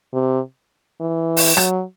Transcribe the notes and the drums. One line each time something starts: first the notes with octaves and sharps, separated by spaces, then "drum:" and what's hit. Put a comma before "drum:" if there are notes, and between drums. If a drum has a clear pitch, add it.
C3
E3
drum: open hi-hat
F#3, drum: rim click